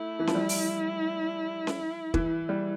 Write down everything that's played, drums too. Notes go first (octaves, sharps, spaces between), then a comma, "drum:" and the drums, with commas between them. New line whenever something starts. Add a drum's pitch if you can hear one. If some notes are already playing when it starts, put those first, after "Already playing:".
Already playing: A3 E4
E3
F3, drum: snare C#4
G3
drum: open hi-hat
drum: snare C#4
E3, drum: kick
G3